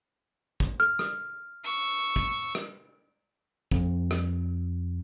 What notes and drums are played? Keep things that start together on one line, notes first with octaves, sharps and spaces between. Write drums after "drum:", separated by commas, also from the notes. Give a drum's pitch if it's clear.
drum: kick
F6
drum: rim click
C#6 E6
drum: kick
drum: rim click
F2, drum: kick
drum: rim click